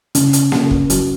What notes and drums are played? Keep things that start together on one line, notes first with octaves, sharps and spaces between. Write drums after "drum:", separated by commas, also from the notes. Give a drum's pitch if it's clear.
C#3, drum: hi-hat
drum: hi-hat
C#3, drum: snare A#3
drum: kick
F#3, drum: hi-hat